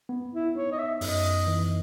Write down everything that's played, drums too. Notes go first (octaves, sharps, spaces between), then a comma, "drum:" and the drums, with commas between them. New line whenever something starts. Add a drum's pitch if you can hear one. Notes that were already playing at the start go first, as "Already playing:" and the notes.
B3
E4
D#4 C#5
D#5
E5
F#2 D#5, drum: open hi-hat
E3